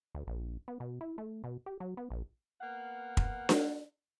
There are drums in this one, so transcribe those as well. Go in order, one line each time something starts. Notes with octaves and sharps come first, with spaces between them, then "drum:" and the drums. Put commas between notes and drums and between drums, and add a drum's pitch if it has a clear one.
D2
A#1
B3
B2
E4
A3
B2
G4
F#3
B3
A#1
A#3 B3 F5 F#5
drum: kick
drum: snare D4